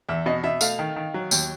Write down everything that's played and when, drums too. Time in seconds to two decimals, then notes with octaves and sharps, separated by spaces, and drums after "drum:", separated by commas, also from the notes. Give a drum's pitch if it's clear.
0.09 E2 E5
0.26 B2 D#5
0.44 B2 E5
0.61 A3 F5, drum: tambourine
0.79 D#3
0.96 D#3
1.14 F#3
1.31 D#2, drum: tambourine